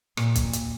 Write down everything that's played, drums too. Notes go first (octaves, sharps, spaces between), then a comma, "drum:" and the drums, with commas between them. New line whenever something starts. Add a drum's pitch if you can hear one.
A#2, drum: rim click
drum: kick, hi-hat
drum: hi-hat